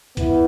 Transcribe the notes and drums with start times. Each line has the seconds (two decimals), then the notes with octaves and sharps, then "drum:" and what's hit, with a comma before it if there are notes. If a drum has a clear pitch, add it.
0.17 B3 E4, drum: kick, hi-hat